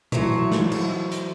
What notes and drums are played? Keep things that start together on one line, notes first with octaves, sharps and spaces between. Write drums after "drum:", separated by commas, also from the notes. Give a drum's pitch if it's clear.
E3 F#3 A3 C5 C#5, drum: tom A#2
drum: snare
drum: cymbal
drum: hi-hat